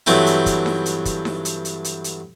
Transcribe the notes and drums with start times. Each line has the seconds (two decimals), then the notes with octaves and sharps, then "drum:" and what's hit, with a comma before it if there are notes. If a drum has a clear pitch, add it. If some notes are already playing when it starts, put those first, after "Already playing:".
0.06 G2 E3 F#3 A3 C4 E4, drum: hi-hat
0.26 drum: hi-hat
0.46 drum: kick, hi-hat
0.66 drum: snare D#4
0.86 drum: hi-hat
1.05 drum: kick, hi-hat
1.25 drum: snare D#4
1.45 drum: hi-hat
1.65 drum: hi-hat
1.84 drum: hi-hat
2.04 drum: hi-hat